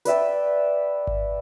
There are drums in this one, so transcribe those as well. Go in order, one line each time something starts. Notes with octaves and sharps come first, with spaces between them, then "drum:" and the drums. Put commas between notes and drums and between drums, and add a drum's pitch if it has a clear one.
B4 D5 E5 G5, drum: hi-hat
drum: kick G#1